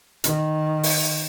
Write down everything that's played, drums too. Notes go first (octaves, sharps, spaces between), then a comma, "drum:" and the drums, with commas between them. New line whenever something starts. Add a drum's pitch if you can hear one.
D#3, drum: hi-hat
drum: open hi-hat